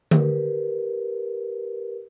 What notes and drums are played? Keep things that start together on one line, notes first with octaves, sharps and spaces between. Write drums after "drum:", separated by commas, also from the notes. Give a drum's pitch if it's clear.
G4 A#4 B4, drum: tom D3